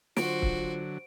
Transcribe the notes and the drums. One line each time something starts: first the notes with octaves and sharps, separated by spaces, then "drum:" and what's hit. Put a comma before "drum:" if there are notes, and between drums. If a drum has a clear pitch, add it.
D3 F#3 F4 F#4 C5 D7, drum: snare
drum: kick